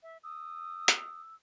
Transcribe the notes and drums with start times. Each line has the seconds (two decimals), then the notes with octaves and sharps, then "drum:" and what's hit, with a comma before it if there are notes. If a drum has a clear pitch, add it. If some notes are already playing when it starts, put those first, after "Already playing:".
0.03 E5
0.24 D#6 E6
0.88 drum: hi-hat